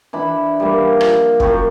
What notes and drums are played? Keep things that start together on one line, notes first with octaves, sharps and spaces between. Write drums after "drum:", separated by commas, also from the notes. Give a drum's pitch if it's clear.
E3 D4 B5
G3 A#3
F3, drum: rim click
F#2 G5 C#6, drum: kick